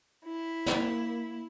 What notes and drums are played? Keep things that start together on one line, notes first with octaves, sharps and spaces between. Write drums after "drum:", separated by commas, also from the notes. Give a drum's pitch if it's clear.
E4
A#3, drum: snare